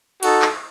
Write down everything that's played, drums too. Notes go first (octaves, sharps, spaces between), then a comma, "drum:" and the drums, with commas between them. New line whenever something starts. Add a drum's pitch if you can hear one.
D#4 F#4 A4, drum: cymbal
drum: clap